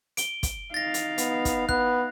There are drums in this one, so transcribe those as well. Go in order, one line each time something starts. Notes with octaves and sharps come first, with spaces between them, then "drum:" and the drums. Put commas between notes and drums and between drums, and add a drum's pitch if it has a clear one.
D7 G7, drum: hi-hat
drum: kick, hi-hat
D#4 F5 A6 A#6
drum: hi-hat
B3, drum: hi-hat
drum: kick, hi-hat
B3 F#6, drum: kick